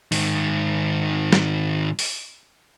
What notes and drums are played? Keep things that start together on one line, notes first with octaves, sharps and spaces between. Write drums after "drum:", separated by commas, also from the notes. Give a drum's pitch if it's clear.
G#2 D#3, drum: open hi-hat
drum: snare
drum: open hi-hat